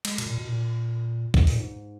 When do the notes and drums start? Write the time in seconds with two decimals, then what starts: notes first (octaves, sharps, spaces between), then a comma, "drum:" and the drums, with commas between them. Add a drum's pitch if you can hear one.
0.05 G#3, drum: cymbal
0.18 B2, drum: cymbal
0.26 A#2
0.38 B2
0.49 A#2
1.34 G#2, drum: kick
1.47 A#2, drum: open hi-hat
1.59 G#2